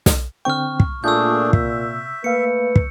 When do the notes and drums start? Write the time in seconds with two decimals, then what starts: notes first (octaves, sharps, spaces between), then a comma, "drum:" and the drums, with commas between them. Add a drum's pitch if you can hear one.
0.06 drum: snare
0.45 D3 C4 G5 C#6 F6
0.80 drum: kick
1.04 A#2 A3 D4 F4 G#4 E6 G6
1.53 C3 E5, drum: kick
2.24 A3 A#3 B4 F5 C#7
2.76 drum: kick